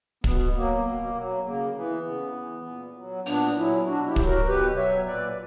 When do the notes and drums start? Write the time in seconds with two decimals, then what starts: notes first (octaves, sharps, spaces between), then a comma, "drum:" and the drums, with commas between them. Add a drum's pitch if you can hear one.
0.24 B2 B3, drum: kick
0.54 F#3 A#3
0.85 B2
1.15 F#3
1.45 C#3 A#3
1.75 E3 B3
2.05 C#3
2.35 E3
2.66 A#2
2.96 F#3
3.26 A#2 B3 D4, drum: open hi-hat
3.56 F#3 C#4 E4
3.86 B2 D4 F#4
4.06 E4 G4
4.16 F#3, drum: kick
4.26 F#4 A#4
4.46 B2 G4 B4
4.76 F#3 C#5 E5
5.07 A#2 B4 D5